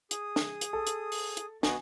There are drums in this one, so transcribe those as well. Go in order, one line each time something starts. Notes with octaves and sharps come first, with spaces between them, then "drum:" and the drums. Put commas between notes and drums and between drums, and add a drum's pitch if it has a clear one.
G#4 D#6, drum: hi-hat
drum: snare
drum: hi-hat
A4
drum: hi-hat
drum: open hi-hat
drum: hi-hat
B3 F#4 D#5 G#5, drum: snare